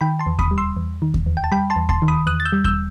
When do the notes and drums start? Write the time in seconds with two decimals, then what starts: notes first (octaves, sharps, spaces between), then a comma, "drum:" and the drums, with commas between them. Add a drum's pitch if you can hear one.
0.01 D#3 G5 B5
0.19 A5 C6
0.26 E2
0.39 B5 D#6, drum: kick D#2
0.51 G3
0.58 C6 E6
0.77 E2
1.02 D#3
1.14 drum: kick D#2
1.26 E2
1.37 G5
1.44 A5
1.52 G3 G5 B5
1.70 A5 C6
1.76 E2
1.89 A5 C6, drum: kick D#2
2.02 D#3
2.08 B5 D#6
2.26 E2 D#6 F#6
2.40 A6
2.45 E6 G6
2.52 G3
2.64 E6 G6, drum: kick D#2